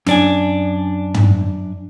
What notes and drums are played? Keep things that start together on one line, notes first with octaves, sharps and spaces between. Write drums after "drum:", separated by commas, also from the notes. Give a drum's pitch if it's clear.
F#2 D4 G#5, drum: snare
drum: tom